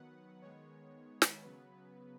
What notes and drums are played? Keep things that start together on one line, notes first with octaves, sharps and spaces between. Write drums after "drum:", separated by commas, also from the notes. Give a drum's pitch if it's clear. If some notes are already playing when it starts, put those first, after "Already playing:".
Already playing: D#3 F#3 B3 B4 F#5
D#3 G#3 B3 C#5
drum: snare
C#3 F#3 B3 B4